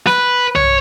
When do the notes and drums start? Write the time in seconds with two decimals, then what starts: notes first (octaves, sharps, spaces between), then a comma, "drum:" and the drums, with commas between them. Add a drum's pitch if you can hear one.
0.07 B4, drum: snare
0.56 C#5, drum: tom